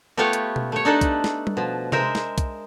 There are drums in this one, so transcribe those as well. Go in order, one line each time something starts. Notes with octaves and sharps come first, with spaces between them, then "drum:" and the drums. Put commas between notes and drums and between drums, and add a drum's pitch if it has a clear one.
A3 B3 F4 G4 C#5 F5
drum: hi-hat
drum: tom B2
A3 C#5
D4 D#4 A4 B4
drum: kick, hi-hat
drum: snare
drum: tom G3
B2 F3
G#3 A#4 C5 E5, drum: tom C3
drum: snare
drum: kick, hi-hat